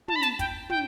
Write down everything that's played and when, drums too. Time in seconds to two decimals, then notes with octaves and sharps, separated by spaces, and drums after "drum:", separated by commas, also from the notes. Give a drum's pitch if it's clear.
0.08 A5, drum: tom
0.16 B5
0.23 A5, drum: hi-hat
0.39 G5, drum: kick, hi-hat
0.70 G5, drum: tom